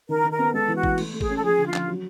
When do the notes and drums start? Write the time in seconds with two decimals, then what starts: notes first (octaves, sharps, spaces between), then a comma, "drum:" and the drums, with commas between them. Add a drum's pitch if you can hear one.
0.09 D#3 A#4
0.24 D#3
0.31 A#4
0.39 B3
0.53 G#3 A4
0.68 E3
0.76 F#4
0.83 E3, drum: kick
0.98 A3, drum: cymbal
1.14 A3
1.21 G#4, drum: kick
1.29 C#4
1.36 A4
1.43 F3 G#4
1.58 D3
1.66 F4
1.74 F3, drum: clap
1.88 F#3